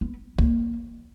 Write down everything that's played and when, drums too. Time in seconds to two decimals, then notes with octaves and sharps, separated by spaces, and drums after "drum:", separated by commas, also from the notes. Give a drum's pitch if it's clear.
0.01 B3
0.39 A#3, drum: kick